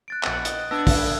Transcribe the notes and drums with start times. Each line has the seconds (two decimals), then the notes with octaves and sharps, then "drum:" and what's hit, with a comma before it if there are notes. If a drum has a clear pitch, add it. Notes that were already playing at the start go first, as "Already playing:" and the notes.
0.08 F#6 A6 D7
0.23 A#1 B3 F#5, drum: clap
0.45 D#5, drum: hi-hat
0.71 B3 D4 A5 E6 G#6 A#6
0.87 drum: kick, open hi-hat